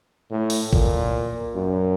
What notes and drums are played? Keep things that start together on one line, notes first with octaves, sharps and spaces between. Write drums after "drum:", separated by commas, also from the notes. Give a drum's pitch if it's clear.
A2
drum: open hi-hat
A#2, drum: kick
F#2